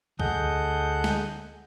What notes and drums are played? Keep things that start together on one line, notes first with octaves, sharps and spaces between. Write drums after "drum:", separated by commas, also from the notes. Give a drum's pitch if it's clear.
D2 G#4 A4 D#5 F#5 G6, drum: kick C2
drum: snare